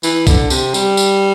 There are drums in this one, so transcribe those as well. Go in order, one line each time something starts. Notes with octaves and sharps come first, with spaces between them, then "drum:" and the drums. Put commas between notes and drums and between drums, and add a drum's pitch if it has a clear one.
E3, drum: tambourine
D3, drum: kick A#1, tambourine
C3, drum: tambourine
G3, drum: tambourine
drum: tambourine